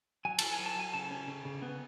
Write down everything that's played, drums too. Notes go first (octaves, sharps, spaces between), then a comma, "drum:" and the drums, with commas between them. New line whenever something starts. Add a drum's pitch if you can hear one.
F#3 G#5
F#3 A5, drum: cymbal
G#5
F#3
A5
F#3 G#5
C#3 A5
C#4
C#3
C#3
B3